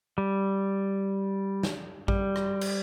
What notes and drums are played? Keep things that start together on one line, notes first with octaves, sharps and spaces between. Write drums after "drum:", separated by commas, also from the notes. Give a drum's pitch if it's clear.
G3
drum: snare
G3, drum: kick A1
drum: rim click
drum: cymbal